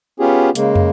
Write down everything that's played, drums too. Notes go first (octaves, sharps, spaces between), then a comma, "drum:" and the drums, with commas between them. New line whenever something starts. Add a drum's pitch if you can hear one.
B3 C#4 F4 G4 G#4
C#3 G#3 A#3, drum: hi-hat
drum: tom